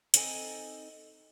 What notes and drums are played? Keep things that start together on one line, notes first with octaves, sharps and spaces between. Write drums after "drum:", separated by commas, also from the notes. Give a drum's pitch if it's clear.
C4 D#4 A4 D#5 G#5, drum: hi-hat